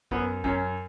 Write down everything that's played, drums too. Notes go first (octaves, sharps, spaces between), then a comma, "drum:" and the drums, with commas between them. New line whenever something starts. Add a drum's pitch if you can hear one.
F#2 B3, drum: kick
F#2 C#4, drum: kick